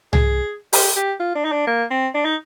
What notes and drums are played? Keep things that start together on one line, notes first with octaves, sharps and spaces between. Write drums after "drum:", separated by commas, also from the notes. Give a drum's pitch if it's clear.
G#4, drum: tom C2
G4, drum: open hi-hat
G4
F4
D4
D#4
D4
A#3
C4
D4
D#4